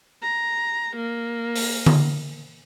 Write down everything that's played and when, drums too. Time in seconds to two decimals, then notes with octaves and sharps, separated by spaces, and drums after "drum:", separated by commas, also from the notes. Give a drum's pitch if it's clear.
0.22 A#5
0.96 A#3
1.56 drum: open hi-hat
1.86 drum: tom D3